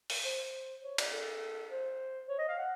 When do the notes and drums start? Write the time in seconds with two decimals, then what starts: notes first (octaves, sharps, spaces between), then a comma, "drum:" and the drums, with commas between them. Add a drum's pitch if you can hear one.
0.10 drum: open hi-hat
0.25 C5
0.84 C#5
0.98 D5, drum: cymbal
1.12 A4
1.71 C5
2.28 C#5
2.39 D#5
2.49 F5
2.58 F#5